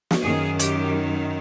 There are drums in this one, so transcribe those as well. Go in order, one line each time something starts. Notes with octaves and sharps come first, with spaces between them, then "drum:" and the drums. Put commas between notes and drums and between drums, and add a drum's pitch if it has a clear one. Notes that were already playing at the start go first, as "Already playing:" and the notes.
drum: snare
F#2 D#3 G#4
G4, drum: hi-hat